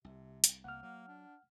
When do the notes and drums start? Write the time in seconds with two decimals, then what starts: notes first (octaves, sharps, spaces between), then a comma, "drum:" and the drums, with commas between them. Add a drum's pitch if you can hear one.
0.05 C2 C3
0.44 drum: hi-hat
0.64 C2 A#3 F#5 F6
0.83 F#3 A#3
1.08 D4